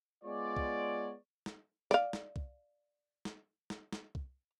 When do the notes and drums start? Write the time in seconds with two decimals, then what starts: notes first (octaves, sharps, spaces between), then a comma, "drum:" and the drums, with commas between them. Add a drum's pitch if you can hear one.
0.24 G#3 B3 F4 C#5 D5
0.57 drum: kick
1.46 drum: snare
1.91 D5 F5, drum: snare
2.13 drum: snare
2.36 drum: kick
3.25 drum: snare
3.70 drum: snare
3.93 drum: snare
4.15 drum: kick